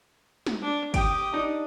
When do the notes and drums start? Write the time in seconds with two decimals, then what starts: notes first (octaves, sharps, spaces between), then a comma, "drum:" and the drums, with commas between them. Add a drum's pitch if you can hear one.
0.46 drum: snare
0.62 D4
0.94 G4 G5 D#6 D7, drum: kick, cymbal
1.32 D4 D#4